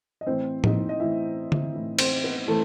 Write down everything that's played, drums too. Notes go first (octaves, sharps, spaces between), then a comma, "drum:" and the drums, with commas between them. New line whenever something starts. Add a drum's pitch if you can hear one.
D#5
A2 E3 C4 C5
D#4 D#5, drum: tom
D#5
A2 E3 E4 E5
drum: tom D3
A2 E3
C4 C5, drum: cymbal
B3 B4
E3 A3 A4